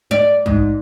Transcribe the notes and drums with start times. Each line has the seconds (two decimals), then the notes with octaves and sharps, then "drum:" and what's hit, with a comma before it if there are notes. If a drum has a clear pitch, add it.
0.11 D5
0.46 G#2, drum: kick